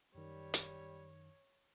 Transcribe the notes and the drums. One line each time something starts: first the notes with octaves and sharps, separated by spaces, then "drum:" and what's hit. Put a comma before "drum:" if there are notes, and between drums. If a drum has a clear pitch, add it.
F#2 D#3 G3 C#5
drum: hi-hat